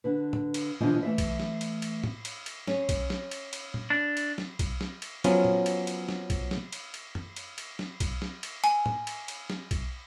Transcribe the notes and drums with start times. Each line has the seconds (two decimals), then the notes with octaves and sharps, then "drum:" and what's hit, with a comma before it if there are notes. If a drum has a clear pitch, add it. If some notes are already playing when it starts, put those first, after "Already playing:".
0.04 D3 B4
0.33 drum: tom
0.54 drum: cymbal
0.80 B2 D3 E3 F3 G#3
1.03 E3 A3 E5
1.18 drum: kick B1, cymbal
1.40 drum: snare
1.61 drum: cymbal
1.82 drum: cymbal
2.04 drum: tom
2.25 drum: cymbal
2.46 drum: cymbal
2.67 C#4, drum: snare
2.89 drum: kick B1, cymbal
3.10 drum: snare
3.31 drum: cymbal
3.53 drum: cymbal
3.74 drum: tom A#2
3.90 D4
4.17 drum: cymbal
4.38 drum: snare
4.59 drum: kick B1, cymbal
4.81 drum: snare
5.02 drum: cymbal
5.24 F3 F#3 B3 C#4 F4, drum: cymbal
5.45 drum: tom A#2
5.66 drum: cymbal
5.87 drum: cymbal
6.09 drum: snare
6.30 drum: kick B1, cymbal
6.51 drum: snare
6.72 drum: cymbal
6.94 drum: cymbal
7.15 drum: tom F#2
7.36 drum: cymbal
7.58 drum: cymbal
7.79 drum: snare
8.00 drum: kick B1, cymbal
8.22 drum: snare
8.43 drum: cymbal
8.64 G#5, drum: cymbal
8.86 drum: tom
9.07 drum: cymbal
9.28 drum: cymbal
9.50 drum: snare
9.71 drum: kick B1, cymbal